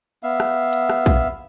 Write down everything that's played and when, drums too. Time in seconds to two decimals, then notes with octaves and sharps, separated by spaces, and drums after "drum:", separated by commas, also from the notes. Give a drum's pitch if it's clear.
0.23 B3 E5 F5
0.40 drum: rim click
0.73 drum: hi-hat
0.89 drum: rim click
1.06 drum: kick, hi-hat